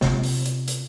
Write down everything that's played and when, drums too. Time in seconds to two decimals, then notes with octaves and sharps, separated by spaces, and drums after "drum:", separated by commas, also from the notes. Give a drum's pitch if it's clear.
0.01 C3 F4, drum: snare
0.23 drum: open hi-hat
0.45 drum: hi-hat
0.68 drum: hi-hat